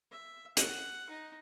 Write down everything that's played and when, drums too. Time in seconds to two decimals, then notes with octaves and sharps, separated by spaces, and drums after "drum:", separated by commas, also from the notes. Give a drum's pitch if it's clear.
0.12 E5
0.57 F#5, drum: hi-hat
1.09 D#4